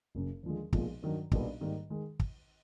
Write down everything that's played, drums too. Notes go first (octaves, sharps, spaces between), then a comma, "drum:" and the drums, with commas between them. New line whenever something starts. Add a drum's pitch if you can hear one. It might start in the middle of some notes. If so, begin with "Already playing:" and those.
F#1 F#2 C#3
D#2 D3 F3 G#3
B1 A#2 F3 G#3, drum: kick
G2 D#3 F#3
B1 A#2 G3 B3 D4, drum: kick
G#2 D#3 G3 A#3
D#3 G#3
drum: kick